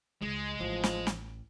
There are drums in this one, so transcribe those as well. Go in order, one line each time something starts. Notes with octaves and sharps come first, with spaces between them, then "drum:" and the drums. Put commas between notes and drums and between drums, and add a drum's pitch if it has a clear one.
C#2 G#3
A1 F3
drum: snare
drum: snare